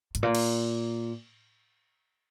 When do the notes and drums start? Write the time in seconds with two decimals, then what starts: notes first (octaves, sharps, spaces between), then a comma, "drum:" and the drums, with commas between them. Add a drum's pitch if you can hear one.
0.15 G#2, drum: hi-hat
0.23 A#2
0.35 drum: cymbal